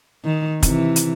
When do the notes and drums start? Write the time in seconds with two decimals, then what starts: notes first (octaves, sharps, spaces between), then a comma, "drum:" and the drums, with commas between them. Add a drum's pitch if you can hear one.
0.25 D#3
0.63 C3 E3, drum: kick, hi-hat
0.96 drum: hi-hat